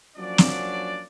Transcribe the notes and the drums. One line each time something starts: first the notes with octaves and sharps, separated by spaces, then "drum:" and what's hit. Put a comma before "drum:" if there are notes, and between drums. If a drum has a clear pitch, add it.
F3 F#3 A#3 C#4 D4 D5
drum: snare